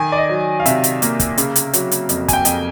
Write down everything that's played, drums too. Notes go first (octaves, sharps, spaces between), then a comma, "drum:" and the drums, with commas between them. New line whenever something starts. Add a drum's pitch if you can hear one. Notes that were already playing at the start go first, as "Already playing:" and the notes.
Already playing: D#3 G#5
D5
D#5
F#3
F5
C3 E5, drum: hi-hat
drum: hi-hat
A#3, drum: hi-hat
drum: kick, hi-hat
C#3, drum: hi-hat
drum: hi-hat
F#3, drum: hi-hat
drum: hi-hat
F2, drum: hi-hat
G#5, drum: kick, hi-hat
G5
F2, drum: hi-hat